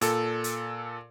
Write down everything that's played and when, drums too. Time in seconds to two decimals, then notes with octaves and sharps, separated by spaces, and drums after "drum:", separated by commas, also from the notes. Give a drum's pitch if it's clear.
0.01 A#2 A4, drum: hi-hat
0.44 drum: hi-hat